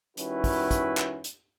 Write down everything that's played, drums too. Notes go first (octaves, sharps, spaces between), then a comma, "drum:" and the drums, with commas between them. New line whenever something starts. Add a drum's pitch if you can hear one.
D#3 G3 C#4 E4 F#4 B4, drum: hi-hat
drum: kick, open hi-hat
drum: kick, hi-hat
drum: clap
drum: hi-hat